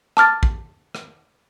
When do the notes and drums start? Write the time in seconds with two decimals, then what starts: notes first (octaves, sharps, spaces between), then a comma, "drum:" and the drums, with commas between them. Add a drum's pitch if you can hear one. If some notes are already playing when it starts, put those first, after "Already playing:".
0.17 A5 D6 F6 A6, drum: rim click
0.43 drum: kick
0.95 drum: rim click